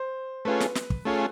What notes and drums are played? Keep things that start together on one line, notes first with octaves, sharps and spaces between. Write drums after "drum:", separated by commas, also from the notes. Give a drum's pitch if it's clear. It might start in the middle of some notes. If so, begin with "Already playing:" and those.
Already playing: C5
A3 C#4 F4 G#4 B4
drum: snare
drum: snare
drum: kick
A3 C#4 F4 G#4